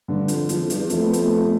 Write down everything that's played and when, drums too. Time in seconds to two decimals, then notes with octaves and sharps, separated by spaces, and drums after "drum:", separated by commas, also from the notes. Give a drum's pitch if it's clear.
0.08 G2 D3
0.28 F2, drum: hi-hat
0.49 E2 F3, drum: hi-hat
0.60 F2
0.70 G2, drum: hi-hat
0.79 E2
0.90 F2 A3, drum: hi-hat
1.02 B3
1.13 A3, drum: hi-hat
1.26 B3
1.37 A3